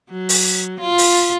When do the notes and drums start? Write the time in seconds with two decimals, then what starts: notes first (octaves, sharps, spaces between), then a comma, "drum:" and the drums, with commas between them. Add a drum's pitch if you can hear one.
0.11 F#3
0.29 drum: open hi-hat
0.80 F4
0.98 drum: open hi-hat